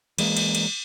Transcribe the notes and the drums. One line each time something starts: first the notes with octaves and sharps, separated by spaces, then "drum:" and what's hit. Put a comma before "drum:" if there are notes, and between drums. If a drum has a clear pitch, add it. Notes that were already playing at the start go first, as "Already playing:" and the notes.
E3 G#3 A#3, drum: cymbal
drum: cymbal
drum: cymbal